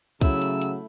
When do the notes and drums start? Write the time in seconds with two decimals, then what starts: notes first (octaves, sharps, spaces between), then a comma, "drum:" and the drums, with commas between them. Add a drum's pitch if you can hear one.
0.21 C#3 F#3 A3 E4 E6, drum: kick C2, hi-hat
0.42 drum: hi-hat
0.62 drum: hi-hat